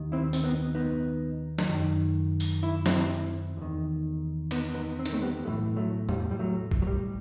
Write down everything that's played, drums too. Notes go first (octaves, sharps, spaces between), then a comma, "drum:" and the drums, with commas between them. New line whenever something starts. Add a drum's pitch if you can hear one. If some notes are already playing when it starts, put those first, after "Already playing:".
Already playing: D#2 D#3
C4 E4
C4, drum: tambourine
B3 D#4
B3 D#4
drum: snare
F#2 D#3
drum: tambourine
E4
C4 E4, drum: snare
E2 D#3
B3 D#4, drum: cymbal
B3 D#4
C4
D#4, drum: hi-hat
A3 C4
G3 B3
B1 A2 E3 F#3 A3
F#3 A3
G3, drum: tom E2
G3
F#3 A3
drum: kick
F#3
G3